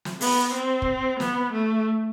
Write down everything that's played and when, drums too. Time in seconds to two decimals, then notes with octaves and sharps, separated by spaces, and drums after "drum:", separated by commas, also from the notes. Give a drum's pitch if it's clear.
0.05 drum: snare
0.21 B3, drum: open hi-hat
0.54 C4
0.82 drum: kick
1.20 B3, drum: snare
1.53 A3